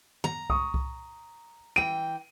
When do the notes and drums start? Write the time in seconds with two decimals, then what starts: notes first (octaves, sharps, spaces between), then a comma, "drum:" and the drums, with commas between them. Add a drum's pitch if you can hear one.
0.24 A#5, drum: tom
0.50 C#6 D#6, drum: kick C2
0.74 drum: kick C2
1.76 E3 G5 D#7